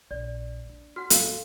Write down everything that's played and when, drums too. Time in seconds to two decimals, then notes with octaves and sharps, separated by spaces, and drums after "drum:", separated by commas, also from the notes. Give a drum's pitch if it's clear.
0.11 A#1 D5
0.65 A#3 D4
0.96 F#4 F#5 F6
1.10 A2 C4 A4 F5 G7, drum: hi-hat